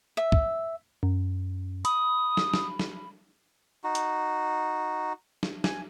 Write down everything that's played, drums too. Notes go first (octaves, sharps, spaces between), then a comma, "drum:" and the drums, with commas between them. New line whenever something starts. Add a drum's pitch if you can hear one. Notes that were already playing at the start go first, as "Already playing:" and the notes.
E5
drum: kick
F#2
B5 D#6, drum: hi-hat
drum: snare
drum: snare
drum: snare
D#4 F#4
drum: hi-hat
drum: snare
G#5, drum: snare